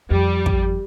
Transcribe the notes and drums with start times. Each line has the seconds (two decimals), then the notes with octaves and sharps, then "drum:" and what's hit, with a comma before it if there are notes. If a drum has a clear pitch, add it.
0.11 F2 G3
0.46 drum: kick